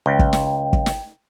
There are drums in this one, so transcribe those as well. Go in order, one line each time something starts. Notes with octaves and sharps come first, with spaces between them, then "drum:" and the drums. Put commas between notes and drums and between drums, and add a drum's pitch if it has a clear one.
C#2 G5
drum: kick
drum: snare
drum: kick
drum: snare